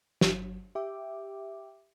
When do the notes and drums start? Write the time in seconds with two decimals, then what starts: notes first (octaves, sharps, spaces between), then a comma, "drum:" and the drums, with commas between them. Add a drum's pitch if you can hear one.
0.21 G1 F#3, drum: snare
0.75 G4 E5 G5 D6